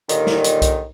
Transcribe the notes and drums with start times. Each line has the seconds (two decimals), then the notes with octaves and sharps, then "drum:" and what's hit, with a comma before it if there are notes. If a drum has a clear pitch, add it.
0.09 D#2 A#2 D3 D#3, drum: hi-hat
0.27 drum: snare
0.44 drum: hi-hat
0.62 drum: kick B1, hi-hat